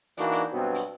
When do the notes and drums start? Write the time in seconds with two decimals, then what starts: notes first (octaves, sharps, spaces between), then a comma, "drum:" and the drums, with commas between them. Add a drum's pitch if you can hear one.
0.17 E3 A#3 D4 D#4 F#4, drum: hi-hat
0.32 drum: hi-hat
0.51 G2 B2 F#3 B3 C4
0.75 drum: hi-hat